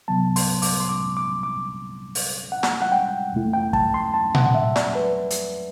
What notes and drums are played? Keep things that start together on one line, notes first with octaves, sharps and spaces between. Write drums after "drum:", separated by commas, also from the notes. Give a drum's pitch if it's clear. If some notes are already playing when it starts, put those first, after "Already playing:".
C2 C3 F#3 B3 A5
C6, drum: open hi-hat
D6, drum: open hi-hat
C6
D6
D6
D6
drum: open hi-hat
F#5
drum: snare
F#5
G5
E2 B2 A3 E4
G5
A5, drum: kick
C6
A5
F#5, drum: tom A#2
F#5
E5
D5, drum: snare
B4
drum: hi-hat